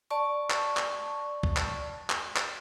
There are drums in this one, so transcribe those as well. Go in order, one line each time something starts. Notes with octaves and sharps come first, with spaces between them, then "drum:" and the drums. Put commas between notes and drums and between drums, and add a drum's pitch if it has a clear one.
D5 A5 C#6
drum: clap
drum: clap
drum: kick
drum: clap
drum: clap
drum: clap